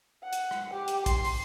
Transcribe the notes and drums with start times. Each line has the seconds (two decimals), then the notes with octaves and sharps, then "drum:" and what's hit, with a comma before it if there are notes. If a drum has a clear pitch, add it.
0.23 F#5
0.33 drum: hi-hat
0.51 drum: rim click
0.73 G4
0.88 drum: hi-hat
1.06 C6, drum: kick, hi-hat
1.25 drum: open hi-hat